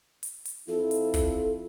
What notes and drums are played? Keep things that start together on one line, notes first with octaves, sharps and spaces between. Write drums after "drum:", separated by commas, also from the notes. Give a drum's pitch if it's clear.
drum: hi-hat
drum: hi-hat
F2 E4 F4 A4
drum: hi-hat
drum: kick, hi-hat